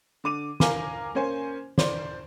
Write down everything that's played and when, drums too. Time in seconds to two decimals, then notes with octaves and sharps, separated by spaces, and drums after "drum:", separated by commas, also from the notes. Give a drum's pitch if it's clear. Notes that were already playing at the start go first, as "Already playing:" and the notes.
0.24 D3 D6 D#7
0.60 A#4 F5 G#5 D6, drum: snare
1.15 A#3 C#4 C5 G#5
1.78 C5 D5, drum: snare